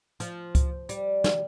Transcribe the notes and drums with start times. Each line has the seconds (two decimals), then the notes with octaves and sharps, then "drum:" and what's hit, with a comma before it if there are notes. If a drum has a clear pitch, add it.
0.20 F3, drum: hi-hat
0.55 drum: kick C#2, hi-hat
0.89 G3, drum: hi-hat
1.24 drum: snare